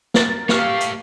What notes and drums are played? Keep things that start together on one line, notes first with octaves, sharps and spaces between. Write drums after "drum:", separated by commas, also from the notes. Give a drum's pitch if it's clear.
A#4 A6, drum: snare
A3 G4 C#5 F5, drum: snare
drum: hi-hat